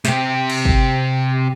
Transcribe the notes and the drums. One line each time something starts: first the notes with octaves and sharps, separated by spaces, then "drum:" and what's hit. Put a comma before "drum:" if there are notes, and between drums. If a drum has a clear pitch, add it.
C3 G4, drum: snare
drum: cymbal
drum: kick